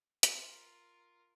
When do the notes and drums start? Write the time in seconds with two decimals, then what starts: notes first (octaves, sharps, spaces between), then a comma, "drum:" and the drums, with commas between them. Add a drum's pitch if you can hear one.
0.23 F4 A#4, drum: hi-hat